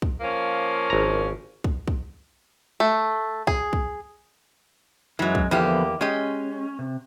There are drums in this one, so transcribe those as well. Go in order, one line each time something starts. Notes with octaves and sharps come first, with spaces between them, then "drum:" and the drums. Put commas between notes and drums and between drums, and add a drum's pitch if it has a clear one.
drum: kick
F3 A#3 C#4
G#1 A#5
drum: kick
drum: kick
A3
G#4, drum: kick
drum: kick
F#2 E3 F#3 G#3
drum: kick
E2 D3 F3 A#3 B3 G4
G#3 C#4 G4 D#5
C3